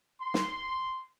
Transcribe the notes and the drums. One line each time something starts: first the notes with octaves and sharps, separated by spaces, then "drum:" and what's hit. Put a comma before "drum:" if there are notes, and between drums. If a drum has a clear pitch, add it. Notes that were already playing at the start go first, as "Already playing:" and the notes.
C6
drum: snare